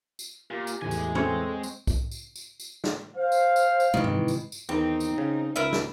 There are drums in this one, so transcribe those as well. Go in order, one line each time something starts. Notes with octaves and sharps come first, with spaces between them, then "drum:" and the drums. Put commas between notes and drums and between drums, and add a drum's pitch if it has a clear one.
drum: tambourine
A#2 G4
drum: tambourine
E2 A2 E3 G#3 G#5
drum: tambourine
C4 A4 C#5, drum: tom
drum: tambourine
drum: kick B1, tambourine
drum: tambourine
drum: tambourine
drum: tambourine
drum: snare
C5 F5
drum: tambourine
drum: tambourine
drum: tambourine
C3 D#3 E3 G#3
drum: tom G2
drum: tambourine
drum: tambourine
E2 D#3 C4 D#4
drum: tambourine
C#3
C#2 A#4 B4 E5
drum: snare